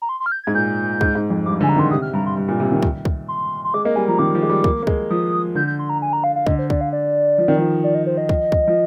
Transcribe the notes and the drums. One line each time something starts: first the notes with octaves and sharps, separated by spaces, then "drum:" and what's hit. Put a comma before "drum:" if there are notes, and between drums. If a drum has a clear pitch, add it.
A#5
C6
C6
F6
G6
G#6
G#2
A#2 G6
G#2, drum: kick
G#2
F2
G2 D6
D3 G#5
A#5
D#3 C6
C3 D#6
F6
G2 A#5
C6
G2
A#2
C3
D#3
drum: kick
drum: kick
C6
C6
G#3 D6
A#3 D#5
G3 G#5
F3 A#5
D#3 D6
F3
G#3
G3
A#3, drum: kick
A#3
G#3, drum: kick
F3 D#6
D3 G6
G6
C6
A#5
G#5
A#5
F5
F5
D3 D#5, drum: kick
C5
D5, drum: kick
F5
D5
F3
D#3
F3
D5
D#5
C5
D#5
drum: kick
drum: kick
F3